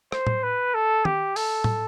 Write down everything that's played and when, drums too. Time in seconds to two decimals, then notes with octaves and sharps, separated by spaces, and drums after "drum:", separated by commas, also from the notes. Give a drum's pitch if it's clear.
0.12 C5, drum: rim click
0.27 drum: tom A2
0.43 B4
0.74 A4
1.05 G4, drum: tom
1.36 A4, drum: open hi-hat
1.64 drum: tom A2